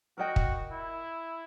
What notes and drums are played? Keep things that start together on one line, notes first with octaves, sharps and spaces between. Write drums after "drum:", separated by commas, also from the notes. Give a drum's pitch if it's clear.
F#4 A#4 D#5 G5
drum: kick
E4